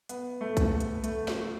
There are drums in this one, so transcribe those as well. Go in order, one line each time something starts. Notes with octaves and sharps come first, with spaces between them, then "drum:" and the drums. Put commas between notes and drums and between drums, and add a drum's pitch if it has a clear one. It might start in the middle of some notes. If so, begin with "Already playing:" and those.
B3, drum: hi-hat
A3
drum: kick B1, hi-hat
drum: hi-hat
A3, drum: hi-hat
drum: snare